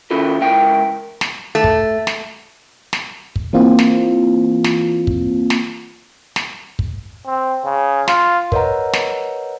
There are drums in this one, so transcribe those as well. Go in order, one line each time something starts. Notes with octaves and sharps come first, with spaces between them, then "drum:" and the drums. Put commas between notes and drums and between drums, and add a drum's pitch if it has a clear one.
D#3 C#4 E4 F4 A4 A#4
C#2 E3 E4 A#4 G5
drum: snare
A3
drum: kick
drum: snare
drum: snare
drum: kick
E3 A#3 C4 F4
drum: snare
drum: snare
drum: kick
drum: snare
drum: snare
drum: kick
C4
C#3
F4, drum: snare
A#4 B4 C#5 D#5 F#5 A#5, drum: kick
drum: snare